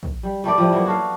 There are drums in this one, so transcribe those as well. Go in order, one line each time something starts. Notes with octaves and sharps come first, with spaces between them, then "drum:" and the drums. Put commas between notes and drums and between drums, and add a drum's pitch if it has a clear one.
drum: kick
G3
G3 A3 G4 D5
F3 G3 E4
F#3 A#3 B3 E4
F#4 A4 F5